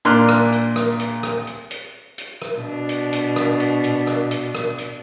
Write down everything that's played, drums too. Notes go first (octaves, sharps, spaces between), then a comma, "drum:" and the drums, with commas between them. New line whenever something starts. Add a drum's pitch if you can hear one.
A#2 D4 C6 F6 F#6, drum: hi-hat
drum: rim click
drum: hi-hat
drum: rim click
drum: hi-hat
drum: rim click
drum: hi-hat
drum: hi-hat
drum: hi-hat
drum: rim click
B2 D4
drum: hi-hat
drum: hi-hat
drum: rim click
drum: hi-hat
drum: hi-hat
drum: rim click
drum: hi-hat
drum: rim click
drum: hi-hat